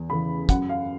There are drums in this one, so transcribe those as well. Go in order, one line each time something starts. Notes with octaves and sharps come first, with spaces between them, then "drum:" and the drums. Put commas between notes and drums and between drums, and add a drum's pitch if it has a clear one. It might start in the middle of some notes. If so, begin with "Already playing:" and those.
Already playing: E2
C#3 E3 B5
F#2 F#5, drum: kick, hi-hat
F5